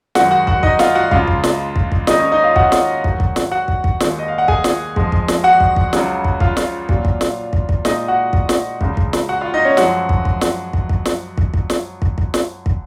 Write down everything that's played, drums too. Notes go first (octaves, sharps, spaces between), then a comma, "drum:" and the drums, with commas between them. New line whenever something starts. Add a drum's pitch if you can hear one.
F#2 D#3 G#3 F#4 F#5, drum: snare
F#4 F#5
F#4 F#5, drum: kick
D#4 D#5, drum: kick
F4 F5, drum: snare
F#4 F#5
C#2 C#3 G#3 F4 F5, drum: kick
drum: kick
drum: snare
drum: kick
drum: kick
D#2 D#3 G#3 D#4 D#5, drum: snare
C#4 C#5
D#4 D#5
F4 F5
F#4 F#5, drum: kick
drum: snare
G#2 D#3 F#3, drum: kick
drum: kick
drum: snare
F#4 F#5
drum: kick
drum: kick
D#2 D#3 G#3, drum: snare
D#5
F5
F#5
G#4 G#5, drum: kick
drum: snare
F2 F3 G#3, drum: kick
drum: kick
drum: snare
F#4 F#5
drum: kick
drum: kick
C#2 C#3 F#3, drum: snare
drum: kick
F4 F5, drum: kick
drum: snare
A#2 F#3, drum: kick
drum: kick
drum: snare
drum: kick
drum: kick
A#2 G#3 D#4 D#5, drum: snare
F#4 F#5
drum: kick
drum: snare
C#2 C#3 G#3, drum: kick
drum: kick
drum: snare
F#4 F#5
F4 F5
D#4 D#5
C#4 C#5
F#2 F3 F#3 G#3 F#4, drum: snare
drum: kick
drum: kick
drum: snare
drum: kick
drum: kick
drum: snare
drum: kick
drum: kick
drum: snare
drum: kick
drum: kick
drum: snare
drum: kick